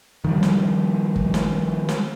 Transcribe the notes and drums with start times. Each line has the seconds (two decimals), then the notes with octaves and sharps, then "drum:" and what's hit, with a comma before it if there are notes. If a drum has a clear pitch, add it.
0.24 D#3 F3 G3
0.43 drum: snare
1.16 drum: kick
1.34 drum: snare
1.89 drum: snare